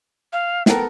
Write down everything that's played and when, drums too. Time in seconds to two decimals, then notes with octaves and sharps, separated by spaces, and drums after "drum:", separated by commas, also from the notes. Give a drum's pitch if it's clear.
0.33 F5
0.66 B3 A4 A#4 G5, drum: snare